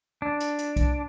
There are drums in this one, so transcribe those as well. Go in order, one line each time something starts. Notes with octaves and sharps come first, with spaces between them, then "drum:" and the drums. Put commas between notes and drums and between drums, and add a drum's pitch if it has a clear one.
D4
drum: hi-hat
drum: hi-hat
drum: kick B1, hi-hat